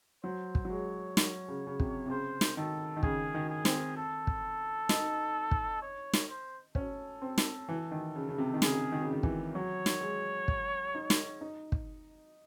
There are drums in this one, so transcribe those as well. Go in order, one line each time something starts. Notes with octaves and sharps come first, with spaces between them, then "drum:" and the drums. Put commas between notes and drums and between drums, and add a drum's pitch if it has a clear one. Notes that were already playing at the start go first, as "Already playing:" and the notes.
F#3 C5
drum: kick
F#3
G#3 C#5
F#3, drum: snare
C#3
C#3
C3, drum: kick
C3
C#3 C5
drum: snare
D#3 A4
D#3
C#3 G#4, drum: kick
D#3
G#4
C4, drum: snare
A4
drum: kick
D#4, drum: snare
drum: kick
C#5
drum: snare
C5
C#4 A4, drum: kick
C4
drum: snare
E3
D#3
C#3
C#3
C3
D#3
C#3 G#4, drum: snare
D#3
C#3
D#3
E3, drum: kick
F#3 C#5
drum: snare
G#3
drum: kick
D#4
drum: snare
D#4
drum: kick